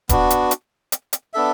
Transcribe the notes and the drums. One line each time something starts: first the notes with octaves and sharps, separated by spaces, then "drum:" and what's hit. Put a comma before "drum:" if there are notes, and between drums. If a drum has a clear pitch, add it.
B3 D4 F#4, drum: kick D#1, hi-hat
drum: hi-hat
drum: hi-hat
drum: hi-hat
drum: hi-hat
B3 D4 A4 E5